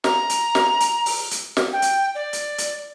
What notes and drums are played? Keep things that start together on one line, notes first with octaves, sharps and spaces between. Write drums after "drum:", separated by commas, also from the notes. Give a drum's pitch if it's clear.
A#5, drum: snare
drum: hi-hat
drum: snare
drum: hi-hat
drum: open hi-hat
drum: hi-hat
drum: snare
G5
drum: hi-hat
D5
drum: hi-hat
drum: hi-hat